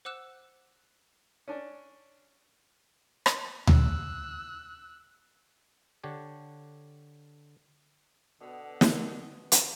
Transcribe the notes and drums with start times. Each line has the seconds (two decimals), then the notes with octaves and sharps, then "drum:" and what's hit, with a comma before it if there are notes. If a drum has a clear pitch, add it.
0.05 C5 F#5 D6 E6 F#6 E7
1.48 C#4 D4
3.26 drum: rim click
3.67 E6 F#6, drum: tom D2
6.04 D3 D4 G4 C#5
8.40 B2 D3 B3
8.81 drum: snare
9.52 drum: hi-hat